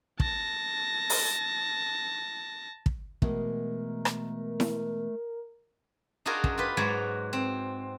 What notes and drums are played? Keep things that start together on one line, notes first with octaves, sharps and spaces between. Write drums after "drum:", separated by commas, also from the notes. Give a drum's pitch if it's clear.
A5 A#6, drum: kick
drum: open hi-hat
drum: kick
B2 E3 G#3 A3 A#4, drum: kick
drum: rim click
drum: snare E4
D4 D#4 F4 F#4 G#4 A#4
F#2, drum: kick
F4 G4 B4
G#2 F#3 G#3 F#4 C#5 D5
C4